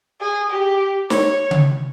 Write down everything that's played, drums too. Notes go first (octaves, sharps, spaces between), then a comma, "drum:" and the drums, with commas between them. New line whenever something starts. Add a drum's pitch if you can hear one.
G#4
G4
C#5, drum: snare
drum: tom C#3